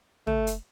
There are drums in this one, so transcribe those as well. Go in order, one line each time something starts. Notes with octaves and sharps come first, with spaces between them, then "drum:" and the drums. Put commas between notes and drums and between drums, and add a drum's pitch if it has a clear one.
A3, drum: tom
drum: hi-hat